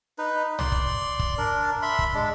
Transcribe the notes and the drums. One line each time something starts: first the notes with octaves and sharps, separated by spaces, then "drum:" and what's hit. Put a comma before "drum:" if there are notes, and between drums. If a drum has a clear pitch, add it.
D#4 B4
D5 C6, drum: tom
drum: kick
drum: kick
D4 A#4
E5 B5 C6
drum: kick
G#3 D4